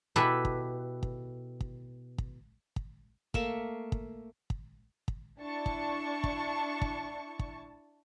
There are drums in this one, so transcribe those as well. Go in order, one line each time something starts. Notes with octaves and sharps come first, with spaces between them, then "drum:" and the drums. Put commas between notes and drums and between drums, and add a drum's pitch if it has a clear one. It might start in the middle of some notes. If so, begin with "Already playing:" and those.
B2 E4 G4 A4 B4
drum: kick
drum: kick
drum: kick
drum: kick
drum: kick
A3 A#3 E5, drum: kick
drum: kick
drum: kick
drum: kick
D4 E4 A5 C#6
drum: kick
drum: kick
drum: kick
drum: kick